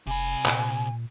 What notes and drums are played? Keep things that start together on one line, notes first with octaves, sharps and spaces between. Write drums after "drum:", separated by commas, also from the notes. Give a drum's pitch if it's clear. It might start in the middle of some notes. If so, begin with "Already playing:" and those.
F1 C3 G#5 B5
A#2, drum: clap